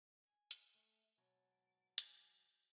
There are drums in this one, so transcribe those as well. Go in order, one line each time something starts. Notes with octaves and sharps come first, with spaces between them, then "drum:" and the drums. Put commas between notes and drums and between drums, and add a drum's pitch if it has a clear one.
G#5
drum: hi-hat
A3
G#2 B2 F#3 A6 D7
G#5 A5, drum: hi-hat
G6